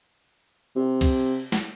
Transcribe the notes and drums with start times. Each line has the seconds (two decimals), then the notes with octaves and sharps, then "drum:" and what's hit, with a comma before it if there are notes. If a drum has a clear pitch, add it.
0.76 C3
1.01 drum: kick, cymbal
1.52 drum: snare